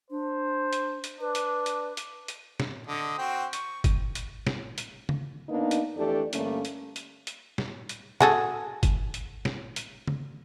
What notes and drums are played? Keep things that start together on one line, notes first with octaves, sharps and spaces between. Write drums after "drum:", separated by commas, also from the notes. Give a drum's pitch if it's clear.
D4 C5
drum: hi-hat
drum: hi-hat
D4 B4
drum: hi-hat
drum: hi-hat
drum: hi-hat
drum: hi-hat
drum: snare
D3 D#5
C4 F#4 G5
C#6, drum: hi-hat
drum: kick G1, hi-hat
drum: hi-hat
drum: snare
drum: hi-hat
drum: tom C#3
A#3 B3 D4 D#4
drum: hi-hat
F2 E3 A3 D4 G4 A4
G2 D3 A3 A#3 C#4, drum: hi-hat
drum: hi-hat
drum: hi-hat
drum: hi-hat
drum: snare
drum: hi-hat
F#4 G#4 A4, drum: snare
drum: kick G1, hi-hat
drum: hi-hat
drum: snare
drum: hi-hat
drum: tom C#3